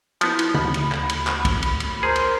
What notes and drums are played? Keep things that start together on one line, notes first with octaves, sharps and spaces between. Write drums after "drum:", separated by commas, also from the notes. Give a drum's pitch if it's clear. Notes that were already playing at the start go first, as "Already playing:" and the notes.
F3 B3 D#4 E4, drum: cymbal
drum: cymbal
D2 B5, drum: tom C#3
drum: cymbal
drum: clap
drum: cymbal
drum: clap
drum: kick, cymbal
drum: cymbal
drum: cymbal
G#4 A#4 C5
drum: cymbal